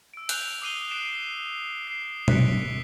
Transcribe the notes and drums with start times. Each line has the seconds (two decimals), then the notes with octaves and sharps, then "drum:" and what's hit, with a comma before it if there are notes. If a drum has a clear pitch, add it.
0.14 E6 D7
0.29 F#6 G6 F7, drum: hi-hat
0.62 D6 D#6 C7 D#7 F7 G7
0.89 F#6 C7 D7 E7 G7
1.87 C7
2.28 F#6 B6 C#7 D7, drum: tom B2